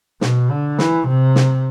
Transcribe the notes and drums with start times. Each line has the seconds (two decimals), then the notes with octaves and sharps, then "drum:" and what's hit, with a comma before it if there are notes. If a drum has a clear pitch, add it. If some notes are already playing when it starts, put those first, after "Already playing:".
0.21 B2, drum: snare
0.50 D3
0.79 E3, drum: snare
1.08 C3
1.35 drum: snare